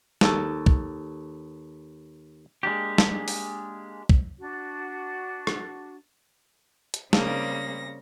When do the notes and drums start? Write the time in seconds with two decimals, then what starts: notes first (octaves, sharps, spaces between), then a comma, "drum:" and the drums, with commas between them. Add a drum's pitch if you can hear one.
0.21 D#2 A4, drum: snare
0.66 drum: kick
2.63 G#3 A#3 D4 G4
2.98 drum: snare
3.28 drum: open hi-hat
4.09 drum: kick
4.39 D4 F#4
5.47 drum: rim click
6.94 drum: hi-hat
7.13 C#3 G3 A#3 C4 A#6, drum: snare